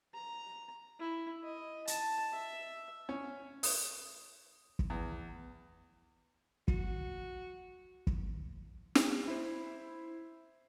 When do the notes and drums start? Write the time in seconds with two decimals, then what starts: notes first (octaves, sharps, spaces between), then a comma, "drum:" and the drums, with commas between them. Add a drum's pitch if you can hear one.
0.14 A#5
0.99 E4
1.44 D#5
1.87 A5, drum: hi-hat
2.33 E5
3.09 C#4
3.63 D#6, drum: open hi-hat
4.79 drum: kick
4.90 E2
6.68 F#4, drum: kick
8.07 drum: kick
8.95 drum: snare
9.27 E4 C5